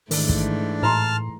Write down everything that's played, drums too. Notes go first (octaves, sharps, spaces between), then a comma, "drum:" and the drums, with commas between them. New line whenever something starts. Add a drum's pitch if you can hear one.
G#2 D#3 E3 A3 D4, drum: open hi-hat
drum: kick
A2 A5 A#5 C6 F6